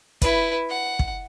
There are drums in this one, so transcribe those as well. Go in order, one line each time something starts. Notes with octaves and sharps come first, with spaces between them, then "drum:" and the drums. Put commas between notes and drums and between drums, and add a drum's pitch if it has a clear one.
E4 B4, drum: kick, hi-hat
F#5
drum: kick